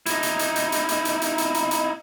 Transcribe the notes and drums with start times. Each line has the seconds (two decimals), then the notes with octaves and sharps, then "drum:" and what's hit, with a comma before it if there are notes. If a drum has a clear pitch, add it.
0.06 D#4 E4, drum: hi-hat
0.23 drum: hi-hat
0.39 drum: hi-hat
0.56 drum: hi-hat
0.72 drum: hi-hat
0.89 drum: hi-hat
1.05 drum: hi-hat
1.22 drum: hi-hat
1.38 drum: hi-hat
1.54 drum: hi-hat
1.71 drum: hi-hat